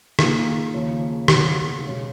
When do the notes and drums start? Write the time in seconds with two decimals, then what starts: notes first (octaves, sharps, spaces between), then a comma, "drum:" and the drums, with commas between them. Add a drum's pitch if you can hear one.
0.19 D#3 A#3 F4 G#4, drum: rim click
0.74 D#2 C#3 F3 A#3 C#4
1.28 D#2 C#3 F#3 B3 F#4, drum: rim click
1.83 B2 G#3 C#4